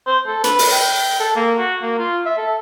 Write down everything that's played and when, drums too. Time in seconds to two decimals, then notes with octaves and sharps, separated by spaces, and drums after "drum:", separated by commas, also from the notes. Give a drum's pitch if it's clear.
0.07 C5
0.27 A4
0.44 B4, drum: hi-hat
0.59 drum: open hi-hat
0.72 G5
1.20 A4
1.36 A#3
1.59 F#4
1.82 A#3
1.99 F4
2.26 E5
2.38 A4